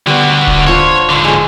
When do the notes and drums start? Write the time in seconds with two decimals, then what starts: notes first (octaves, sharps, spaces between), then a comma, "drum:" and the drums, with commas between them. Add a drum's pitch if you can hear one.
0.07 D3 G3 B3 F#4
0.47 drum: kick D#1
0.67 D4 F4 C5 C#5
1.10 G#2 D3
1.24 G#3 G#4